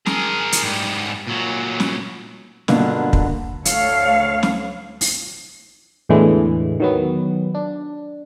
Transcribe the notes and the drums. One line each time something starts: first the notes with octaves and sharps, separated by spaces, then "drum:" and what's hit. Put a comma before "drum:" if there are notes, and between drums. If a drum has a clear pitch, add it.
G#4 A#4, drum: snare
drum: hi-hat
G#2 G3
A#2 F#3
drum: snare
G2 B2 D3 A#3 B3 F4, drum: snare
drum: kick
D2 A4 C#5 F5, drum: hi-hat
drum: snare
drum: open hi-hat
E2 A2 D3 E3 G#3
D#3 F#3 B3
D4